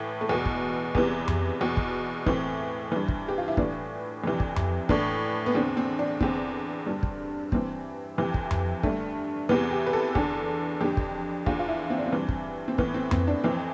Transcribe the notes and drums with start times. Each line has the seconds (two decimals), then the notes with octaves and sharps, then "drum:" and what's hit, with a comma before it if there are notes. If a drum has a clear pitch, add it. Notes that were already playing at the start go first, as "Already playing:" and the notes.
Already playing: A2 E3 A3
0.21 A3
0.29 E2 B2 B3
0.46 drum: kick
0.95 E2 C3 E3 B3, drum: kick
1.28 drum: tom F2
1.61 E2 B2
1.77 drum: kick
2.26 A2 E3 C4, drum: kick
2.92 G2 E3
3.08 drum: kick
3.28 G4
3.38 F4
3.48 E4
3.57 A2 E3 D4, drum: kick
4.24 F2 C3 E3
4.40 drum: kick
4.56 drum: tom F2
4.89 A2 E3 D4, drum: kick
5.46 B3
5.55 E2 D3 C4
5.77 C4
5.99 D4
6.21 E2 D3 C4, drum: kick
6.86 G2 D3
7.03 drum: kick
7.52 G2 E3 C4, drum: kick
8.18 F2 C3 E3
8.34 drum: kick
8.51 drum: tom F2
8.83 G2 D3 A3, drum: kick
9.49 E2 C3 E3 B3
9.71 G4
9.86 B4
9.93 A4
10.15 E2 D3, drum: kick
10.81 F2 D3 G4
10.97 drum: kick
11.46 E2 D3 F4, drum: kick
11.59 F4
11.68 E4
11.90 C4
11.98 D4
12.06 C4
12.13 G2 E3
12.29 drum: kick
12.68 C4
12.78 A2 E3 B3, drum: kick
12.94 C4
13.11 C4, drum: tom F2
13.27 D4
13.44 F2 E3 C4